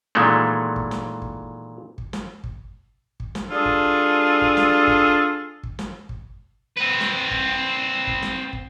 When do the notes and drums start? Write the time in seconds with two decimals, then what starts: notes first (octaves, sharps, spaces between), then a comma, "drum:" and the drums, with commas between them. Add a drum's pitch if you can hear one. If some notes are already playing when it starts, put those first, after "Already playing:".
0.15 A#2 D#3 E3 F#3 G#3 A3
0.76 drum: kick
0.91 drum: snare
1.22 drum: kick
1.98 drum: kick
2.13 drum: snare
2.44 drum: kick
3.20 drum: kick
3.35 drum: snare
3.50 G3 D4 F4 G#4 A4
3.65 drum: kick
4.42 drum: kick
4.57 drum: snare
4.87 drum: kick
5.63 drum: kick
5.79 drum: snare
6.09 drum: kick
6.77 C4 B4
7.00 drum: snare
7.31 drum: kick
8.07 drum: kick
8.22 drum: snare
8.53 drum: kick